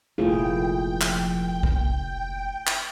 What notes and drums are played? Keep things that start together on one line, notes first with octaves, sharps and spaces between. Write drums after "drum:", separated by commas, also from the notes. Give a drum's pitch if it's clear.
F1 A#1 F3 A3 A#3 E4 G#4 G5
drum: clap
drum: kick B1
drum: clap